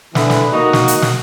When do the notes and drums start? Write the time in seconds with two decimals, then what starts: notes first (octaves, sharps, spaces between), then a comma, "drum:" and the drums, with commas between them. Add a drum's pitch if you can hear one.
0.15 D3 E3 B3, drum: snare
0.30 drum: snare
0.53 A#3 D#4 F#4
0.73 drum: snare
0.88 drum: hi-hat
1.02 drum: snare